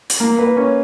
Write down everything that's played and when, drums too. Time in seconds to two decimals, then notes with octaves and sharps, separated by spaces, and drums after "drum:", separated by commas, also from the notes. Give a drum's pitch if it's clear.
0.10 drum: hi-hat
0.20 A#3
0.39 B4
0.57 C#4